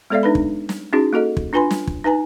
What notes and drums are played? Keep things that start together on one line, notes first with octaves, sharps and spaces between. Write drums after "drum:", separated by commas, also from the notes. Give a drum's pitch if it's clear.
G#3 B3 A4 D5 E5 F5
D4 D#4 B4 B5
drum: kick
drum: snare
C#4 D#4 E4 F#4 G#4
A#3 F#4 A4 D#5
drum: kick
D4 F4 B4 G#5 B5 C6
drum: snare
drum: kick
D#4 B4 G#5 A#5